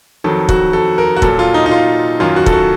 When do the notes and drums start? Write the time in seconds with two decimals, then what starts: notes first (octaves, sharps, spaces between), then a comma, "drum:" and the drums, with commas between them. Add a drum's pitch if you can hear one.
0.24 F2 D#3 F#3 A4
0.49 F#4, drum: kick
0.73 A4
0.98 A#4
1.16 F#4
1.22 A#2 F#3 A4, drum: kick
1.39 F4
1.54 D#4
1.66 D#4
1.71 F4
2.20 F#2 D#3 F#3 F4
2.36 F#4
2.46 A4, drum: kick
2.53 F#4